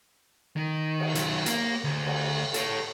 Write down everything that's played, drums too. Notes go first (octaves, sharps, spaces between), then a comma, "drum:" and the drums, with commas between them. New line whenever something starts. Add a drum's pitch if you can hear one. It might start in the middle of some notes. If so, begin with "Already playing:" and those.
D#3
drum: cymbal
D#3 F#3, drum: hi-hat
A#3, drum: hi-hat
D2
drum: cymbal
A4 C#5, drum: hi-hat